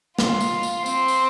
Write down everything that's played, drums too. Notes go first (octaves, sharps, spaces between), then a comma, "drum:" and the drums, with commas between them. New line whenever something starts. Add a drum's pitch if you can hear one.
F4, drum: snare
drum: tambourine
drum: tambourine
C4, drum: tambourine
drum: tambourine